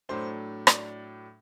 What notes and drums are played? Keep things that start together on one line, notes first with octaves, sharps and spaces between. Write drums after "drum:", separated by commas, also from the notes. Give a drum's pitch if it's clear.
A2 F#3 A3 D4 C5
D5, drum: rim click